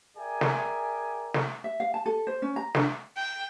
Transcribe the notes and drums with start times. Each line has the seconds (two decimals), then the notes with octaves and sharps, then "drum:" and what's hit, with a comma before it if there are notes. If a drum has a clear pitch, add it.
0.17 G#4 A#4 D5 E5 G5 G#5
0.41 drum: snare
1.34 drum: snare
1.64 E5
1.80 F5
1.94 A5
2.06 A4
2.27 C5
2.42 C#4
2.56 A#5
2.75 D4, drum: snare
3.16 G5